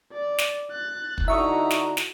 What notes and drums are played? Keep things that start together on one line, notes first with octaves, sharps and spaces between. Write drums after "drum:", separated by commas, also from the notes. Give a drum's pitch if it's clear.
D5
drum: snare
F#6 A6
drum: kick
D3 D#4 E4 F#4 E5 A#5 C#6 D#6
drum: snare
drum: snare